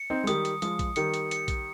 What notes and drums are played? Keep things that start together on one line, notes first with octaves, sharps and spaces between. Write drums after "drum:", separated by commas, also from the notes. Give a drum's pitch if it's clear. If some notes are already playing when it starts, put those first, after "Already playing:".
Already playing: C#7
C4 D#4
G#3
D#3 G3 D#6, drum: hi-hat
drum: hi-hat
F3 G#3 D#6, drum: hi-hat
drum: kick A#1, hi-hat
D#3 G3 C#7, drum: hi-hat
drum: hi-hat
C#7, drum: hi-hat
drum: kick A#1, hi-hat